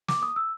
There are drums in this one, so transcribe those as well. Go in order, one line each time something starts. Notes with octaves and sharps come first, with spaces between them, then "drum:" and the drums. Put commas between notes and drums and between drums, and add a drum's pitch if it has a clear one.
D6, drum: snare
D#6
E6